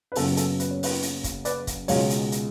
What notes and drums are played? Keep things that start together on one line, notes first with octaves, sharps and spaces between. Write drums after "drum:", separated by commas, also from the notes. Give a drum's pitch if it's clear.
B4
F#1 F#2 C#3 F#3 B3 A4, drum: open hi-hat
A4, drum: hi-hat
B4, drum: hi-hat
C#5
B4, drum: open hi-hat
drum: hi-hat
drum: kick, hi-hat
B4 D5, drum: hi-hat
drum: kick, hi-hat
C#2 B2 G#3 C#5 F5, drum: open hi-hat
drum: hi-hat
drum: hi-hat